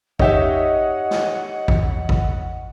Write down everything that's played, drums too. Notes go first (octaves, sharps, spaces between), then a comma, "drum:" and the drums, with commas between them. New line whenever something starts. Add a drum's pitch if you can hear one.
D#4 G4 C#5 D#5 E5 F#5, drum: kick G#1
drum: snare
drum: kick G#1
drum: kick G#1